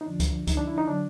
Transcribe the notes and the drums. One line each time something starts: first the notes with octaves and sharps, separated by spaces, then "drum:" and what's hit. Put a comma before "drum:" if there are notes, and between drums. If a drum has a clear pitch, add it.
D#4
F2 D3 F3 D4
drum: kick C#2, hi-hat
D#4, drum: kick C#2, hi-hat
D4
E4
D#4
D3 F#3 D4